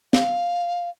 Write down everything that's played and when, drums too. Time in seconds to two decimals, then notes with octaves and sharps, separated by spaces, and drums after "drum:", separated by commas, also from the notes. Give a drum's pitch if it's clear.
0.13 F5, drum: snare